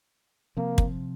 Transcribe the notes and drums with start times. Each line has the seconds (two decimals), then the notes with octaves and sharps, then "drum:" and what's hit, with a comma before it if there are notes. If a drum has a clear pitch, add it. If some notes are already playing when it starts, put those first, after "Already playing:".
0.57 C3 F3 A#3 C4
0.78 drum: kick